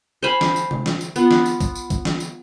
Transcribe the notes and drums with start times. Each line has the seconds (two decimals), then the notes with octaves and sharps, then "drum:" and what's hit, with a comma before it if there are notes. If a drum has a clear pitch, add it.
0.23 C5 F5 G#5 B5
0.41 drum: snare
0.56 drum: tambourine
0.71 drum: tom C3
0.86 drum: snare
1.01 drum: tambourine
1.16 B3 F4, drum: tambourine
1.31 drum: snare
1.46 drum: tambourine
1.61 drum: kick, tambourine
1.75 drum: tambourine
1.90 drum: kick, tambourine
2.05 drum: snare
2.20 drum: tambourine